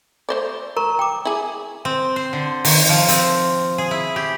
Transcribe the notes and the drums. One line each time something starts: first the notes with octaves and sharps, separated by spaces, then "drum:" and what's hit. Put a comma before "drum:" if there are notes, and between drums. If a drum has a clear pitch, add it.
A3 C5 D5
A#4 A#5 C#6
G5 D6
E4 G#4
C4
C5
D3
D#3, drum: open hi-hat
F3
C4, drum: hi-hat
G#4
E4
G4